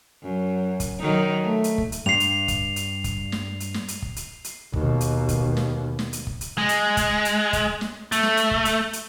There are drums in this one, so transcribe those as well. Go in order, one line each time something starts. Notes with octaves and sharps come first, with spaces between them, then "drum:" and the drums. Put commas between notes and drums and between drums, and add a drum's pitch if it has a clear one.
F#2
drum: kick, hi-hat
D#3 F#3 D#4
A3
drum: hi-hat
drum: kick
drum: hi-hat
G2 C7 F7
drum: hi-hat
drum: kick, hi-hat
drum: hi-hat
drum: kick, hi-hat
drum: snare
drum: hi-hat
drum: snare
drum: hi-hat
drum: kick
drum: hi-hat
drum: hi-hat
D#2 B2, drum: kick
drum: hi-hat
drum: kick, hi-hat
drum: snare
drum: snare
drum: hi-hat
drum: kick
drum: hi-hat
G#3
drum: hi-hat
drum: kick, hi-hat
drum: hi-hat
drum: kick, hi-hat
drum: snare
A3, drum: hi-hat
drum: snare
drum: hi-hat
drum: kick
drum: hi-hat
drum: hi-hat